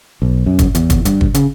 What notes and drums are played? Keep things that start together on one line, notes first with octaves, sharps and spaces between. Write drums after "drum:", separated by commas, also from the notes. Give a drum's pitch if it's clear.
B1
F#2
drum: kick, hi-hat
E2, drum: hi-hat
drum: kick, hi-hat
G2, drum: hi-hat
drum: kick
C#3, drum: hi-hat